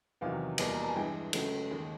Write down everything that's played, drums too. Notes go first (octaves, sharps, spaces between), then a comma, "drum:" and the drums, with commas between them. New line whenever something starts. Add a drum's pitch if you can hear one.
E2 C3 D#3 F#3 F5
E2 B2 G3 A#3, drum: cymbal
A#5
A5
G#5
G2 E3 G#3 G5
C#2 C#3 F#3 A3, drum: cymbal
D#2 D#3 G#3